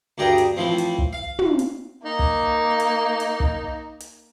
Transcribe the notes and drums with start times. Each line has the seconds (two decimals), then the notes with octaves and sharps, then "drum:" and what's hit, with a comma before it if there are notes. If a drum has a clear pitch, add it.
0.18 D2 G2 G4 G#4 A#4 A#5
0.38 drum: hi-hat
0.56 A2 E3 F3 C4
0.78 drum: hi-hat
0.98 drum: kick
1.13 F5
1.39 drum: tom
1.59 drum: hi-hat
2.05 A#3 D#4
2.19 drum: kick
2.80 drum: hi-hat
3.20 drum: hi-hat
3.40 drum: kick
4.00 drum: hi-hat